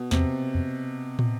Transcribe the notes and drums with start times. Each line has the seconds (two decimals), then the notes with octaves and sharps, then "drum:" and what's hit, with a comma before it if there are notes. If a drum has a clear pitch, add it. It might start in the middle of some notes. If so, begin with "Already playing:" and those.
Already playing: B2
0.11 E2 C3, drum: snare
0.55 F2
1.19 drum: tom